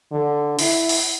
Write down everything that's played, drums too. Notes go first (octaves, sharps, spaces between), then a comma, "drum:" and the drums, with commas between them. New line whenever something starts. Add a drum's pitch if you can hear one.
D3
E4, drum: open hi-hat
drum: open hi-hat